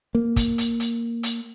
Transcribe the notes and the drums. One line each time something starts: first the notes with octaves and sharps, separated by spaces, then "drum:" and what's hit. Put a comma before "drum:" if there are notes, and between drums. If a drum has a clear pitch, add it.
A#3
drum: kick, hi-hat
drum: hi-hat
drum: hi-hat
drum: hi-hat